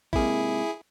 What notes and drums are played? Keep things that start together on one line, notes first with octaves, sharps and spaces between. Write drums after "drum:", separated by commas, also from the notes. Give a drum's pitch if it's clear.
G#2 C3 A#3 E4 G#4, drum: kick